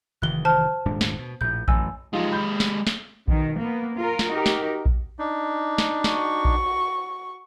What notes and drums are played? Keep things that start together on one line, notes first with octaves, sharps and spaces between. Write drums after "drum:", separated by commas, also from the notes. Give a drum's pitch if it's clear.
F1 D#3 E3 F#6 G7
C5 A5 F6
D#1 G#2 D4
drum: snare
B2
A#1 A2 G6
A1 F#2 G#5 E6, drum: kick A#1
F3 G#3 D#4 F4 G4
B5 G6
drum: snare
drum: snare
B2 D#3, drum: kick A#1
A#3 B3
F4 A#4
drum: snare
D#4 F#4 G4 A#4
drum: snare
drum: kick A#1
D4 D#4
drum: snare
F#4 C#6, drum: snare
drum: kick A#1